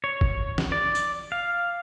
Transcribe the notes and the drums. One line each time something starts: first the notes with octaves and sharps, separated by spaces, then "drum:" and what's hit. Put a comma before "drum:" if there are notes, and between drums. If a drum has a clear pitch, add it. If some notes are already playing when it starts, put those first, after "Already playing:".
C#5
drum: kick
drum: snare
D5
drum: tambourine
F5